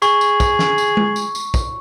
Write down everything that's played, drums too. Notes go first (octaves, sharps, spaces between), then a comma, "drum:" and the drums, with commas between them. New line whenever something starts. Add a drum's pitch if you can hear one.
G#4 C#6, drum: tambourine
drum: tambourine
drum: kick, tambourine
drum: snare
drum: tambourine
drum: tom
drum: tambourine
drum: tambourine
drum: kick, tambourine